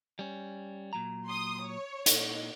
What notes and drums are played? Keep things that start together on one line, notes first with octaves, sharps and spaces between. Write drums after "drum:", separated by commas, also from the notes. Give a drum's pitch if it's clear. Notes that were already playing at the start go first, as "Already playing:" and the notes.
G3 C#4
A#2 F#3 A#5
C6 D#6
C#5
A#2 D#4, drum: hi-hat